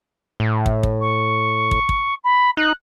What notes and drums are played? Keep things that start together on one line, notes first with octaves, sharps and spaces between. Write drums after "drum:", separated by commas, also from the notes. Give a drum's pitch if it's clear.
A2
drum: kick
drum: kick
C#6
drum: kick
drum: kick
B5
D#4 F#6